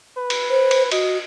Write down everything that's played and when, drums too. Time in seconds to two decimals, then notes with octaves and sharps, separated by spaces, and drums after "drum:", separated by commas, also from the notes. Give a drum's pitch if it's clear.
0.17 B4
0.30 drum: cymbal
0.50 C5
0.71 drum: cymbal
0.92 F#4 D#5, drum: cymbal